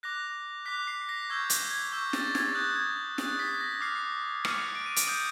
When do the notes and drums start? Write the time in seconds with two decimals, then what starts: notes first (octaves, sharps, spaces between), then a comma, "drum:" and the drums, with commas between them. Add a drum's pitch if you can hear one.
0.03 D6 F#6 A#6
0.66 D6 F#6 B6
0.87 C7
1.09 A#6
1.30 C#6 E6 G6 G#6
1.50 G6, drum: hi-hat
1.71 G#6
1.92 C#6 E6 G6
2.13 A6, drum: snare
2.35 G#6, drum: snare
2.55 D#6 F#6 G6
2.76 G#6
3.18 D#6 F#6 A6, drum: snare
3.39 B6
3.61 A#6
3.81 D6 F6 C7
4.45 D6 F6 C#7, drum: rim click
4.75 D7
4.86 D#7
4.96 D7, drum: hi-hat
5.07 D#6 G6